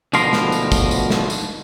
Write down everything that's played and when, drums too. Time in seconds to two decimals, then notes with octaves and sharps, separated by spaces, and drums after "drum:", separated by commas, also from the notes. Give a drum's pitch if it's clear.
0.13 D2 B2 F3 A#4 C6, drum: tambourine
0.33 drum: snare
0.52 drum: tambourine
0.72 drum: kick, tambourine
0.91 drum: tambourine
1.10 drum: snare
1.30 drum: tambourine